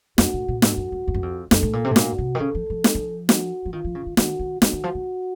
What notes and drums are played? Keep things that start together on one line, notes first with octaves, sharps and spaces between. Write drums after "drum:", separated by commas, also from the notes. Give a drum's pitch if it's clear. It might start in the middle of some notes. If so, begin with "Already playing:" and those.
F2 F#4, drum: snare
A2
A#2
A2 F#4, drum: snare
F#2
F#2
F2
F#2
F2
F#2 A4, drum: snare
A2
A#2
C3
A2
A#2 F#4, drum: snare
C3
D#3
C#3 A4
F3
F3
drum: snare
F3
F#4, drum: snare
F3
D#3 F4
F3
C#3
D#3
D#3 F#4, drum: snare
D#3
C#3 F#4, drum: snare
D#3
F3
D#3